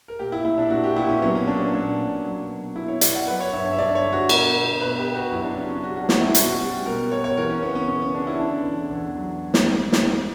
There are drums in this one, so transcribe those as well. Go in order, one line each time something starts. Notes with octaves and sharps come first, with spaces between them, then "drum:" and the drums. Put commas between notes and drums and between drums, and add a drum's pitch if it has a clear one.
A#4
A#2 G4
E4
A#2 E4
D4
A#2 F#4
G4
A#2 E4
C#4
F#3 B3
C#4
A#2 D4
A#2 D4
A#2
F#3
B2
B2 E4
C#5
B2 D5, drum: hi-hat
F#5
F#3 B4
C#5
G2 E5
C#5
E5
G2 D5
C#5
D3
F#4
B2 A#4, drum: cymbal
B2
B2 B4
G4
B2
F#4
F#2 E4
D4
C#3 C#4
C#4
G3 F#4
F#4
D4
C#3 E4, drum: snare
E4
B2 F#4, drum: hi-hat
G3
B2 A#4
B2 C#5
C#5
E3 A#4
C#4
C#3 B3
C#4
C#3 C#4
C#4
C#3 D4
E4
D3 D4
E2
E2
F#3
drum: snare
drum: snare